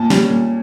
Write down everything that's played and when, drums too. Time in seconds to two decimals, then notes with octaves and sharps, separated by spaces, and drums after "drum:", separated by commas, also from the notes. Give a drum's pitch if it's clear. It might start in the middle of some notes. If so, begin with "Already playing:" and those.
Already playing: A#2 A5
0.10 G3 C#4, drum: snare
0.30 A#2